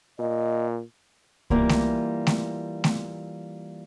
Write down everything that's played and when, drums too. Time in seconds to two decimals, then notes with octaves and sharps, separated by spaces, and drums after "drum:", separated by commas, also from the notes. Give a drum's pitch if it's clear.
0.19 A#2 D#5
1.50 E3 G3 A#3 F4, drum: kick C2
1.69 drum: snare A3
2.27 drum: snare A3
2.84 drum: snare A3